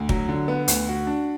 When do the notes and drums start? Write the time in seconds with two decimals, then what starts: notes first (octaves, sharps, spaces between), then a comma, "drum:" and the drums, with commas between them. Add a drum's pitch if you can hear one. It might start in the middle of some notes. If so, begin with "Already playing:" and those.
Already playing: D2
0.09 F#3, drum: kick
0.29 D3
0.48 B3
0.68 D2, drum: hi-hat
0.88 F#4
1.07 D4